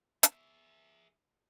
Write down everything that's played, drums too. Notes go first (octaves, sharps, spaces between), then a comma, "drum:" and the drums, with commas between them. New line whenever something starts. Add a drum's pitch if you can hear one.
G#4 E5, drum: hi-hat